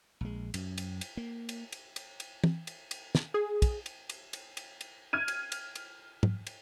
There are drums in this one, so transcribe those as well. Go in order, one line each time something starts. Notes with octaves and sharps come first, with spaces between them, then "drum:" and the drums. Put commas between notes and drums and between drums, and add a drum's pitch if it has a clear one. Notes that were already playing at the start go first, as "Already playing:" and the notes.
A#1 G#3
F#2, drum: cymbal
drum: cymbal
drum: cymbal
A#3
drum: cymbal
drum: cymbal
drum: cymbal
drum: cymbal
drum: tom
drum: cymbal
drum: cymbal
drum: snare
G#4
drum: kick, cymbal
drum: cymbal
drum: cymbal
drum: cymbal
drum: cymbal
drum: cymbal
F6 G#6 D#7
drum: cymbal
drum: cymbal
drum: cymbal
drum: tom
drum: cymbal